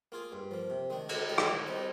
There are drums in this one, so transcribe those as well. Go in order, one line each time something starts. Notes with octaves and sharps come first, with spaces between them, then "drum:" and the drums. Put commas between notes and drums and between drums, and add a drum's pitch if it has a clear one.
A#3 F4 G#4
G2
F3 A#3
C3
D#3 G#3 D4
D3, drum: cymbal
G#3 D#4 G4
drum: rim click
D#3
G3 C4 D#4